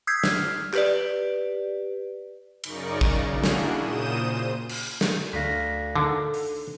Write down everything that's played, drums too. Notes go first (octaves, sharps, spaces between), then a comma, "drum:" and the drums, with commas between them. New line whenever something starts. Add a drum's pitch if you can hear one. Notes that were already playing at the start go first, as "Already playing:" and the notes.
D#6 E6 G6 G#6 B6 C7
F6, drum: snare
G4 B4 D5, drum: clap
F#2 C#3 D#4 A#4 D5 C#6, drum: cymbal
C#3, drum: kick
A#3 D4 E4 F#4 G#4
drum: snare
A#2 C#3 D#6 G6 D#7 E7
C5
drum: cymbal
drum: snare
D2 F5 A#6 B6
D3 D4 D#4 A4 A#4
drum: open hi-hat